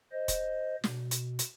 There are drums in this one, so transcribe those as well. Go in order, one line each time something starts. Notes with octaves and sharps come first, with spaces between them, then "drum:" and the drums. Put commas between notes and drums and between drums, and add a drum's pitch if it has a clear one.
C5 D#5
drum: kick, hi-hat
B2, drum: snare
drum: hi-hat
drum: hi-hat